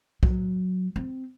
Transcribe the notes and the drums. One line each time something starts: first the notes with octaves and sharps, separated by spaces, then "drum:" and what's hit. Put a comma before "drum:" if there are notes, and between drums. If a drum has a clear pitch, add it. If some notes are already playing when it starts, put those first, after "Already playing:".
F#3, drum: kick B1
C4